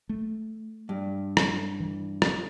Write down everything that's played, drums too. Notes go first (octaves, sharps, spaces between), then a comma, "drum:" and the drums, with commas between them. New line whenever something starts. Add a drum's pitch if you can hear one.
A3
G2
drum: rim click
E3
drum: rim click